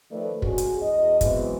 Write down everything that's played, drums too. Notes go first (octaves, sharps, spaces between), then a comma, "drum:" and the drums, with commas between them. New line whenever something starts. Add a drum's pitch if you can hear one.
D#3 F3 A3 B4 D5
G#3 C#4 F#4 G#4, drum: kick
drum: hi-hat
E2 D#5
E3 F#3 G#3 B3 C4 E4, drum: kick, hi-hat